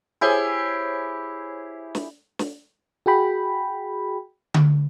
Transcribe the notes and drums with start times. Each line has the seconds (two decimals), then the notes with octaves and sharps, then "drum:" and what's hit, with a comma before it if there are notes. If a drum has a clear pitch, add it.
0.21 E4 G4 G#4 C5 C#5 G#5
1.95 drum: snare
2.39 drum: snare
3.06 F#4 G#4 G5 B5
4.54 drum: tom D3